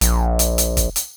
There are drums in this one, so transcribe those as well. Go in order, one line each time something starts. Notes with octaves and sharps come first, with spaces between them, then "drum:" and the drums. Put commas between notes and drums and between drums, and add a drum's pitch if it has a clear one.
A#1, drum: hi-hat
drum: hi-hat
drum: hi-hat
drum: kick, hi-hat
drum: hi-hat